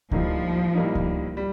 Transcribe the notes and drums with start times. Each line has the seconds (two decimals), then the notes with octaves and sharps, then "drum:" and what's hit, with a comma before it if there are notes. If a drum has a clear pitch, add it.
0.11 A2 F3 G3 A#3 D#4, drum: kick C#2
0.75 A2 G3 A#3 D#4
0.95 drum: kick C#2
1.37 G3